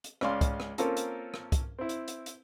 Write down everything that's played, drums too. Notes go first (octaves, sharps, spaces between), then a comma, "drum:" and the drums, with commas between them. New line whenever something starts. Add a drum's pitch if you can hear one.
drum: hi-hat
C#2 C#4 D5 F5 C6, drum: rim click
drum: kick C2, hi-hat
drum: rim click
A#3 C4 C#4 F4 A4 A#4, drum: hi-hat
drum: hi-hat
drum: rim click
drum: kick C2, hi-hat
C4 E4
drum: hi-hat
drum: hi-hat
drum: hi-hat